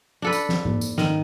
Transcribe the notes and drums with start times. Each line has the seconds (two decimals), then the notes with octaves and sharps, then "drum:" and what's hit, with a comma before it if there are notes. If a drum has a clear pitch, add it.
0.22 D4 A4 B4
0.33 drum: tambourine
0.49 drum: snare
0.65 drum: tom G#2
0.81 drum: tambourine
0.98 D#3, drum: snare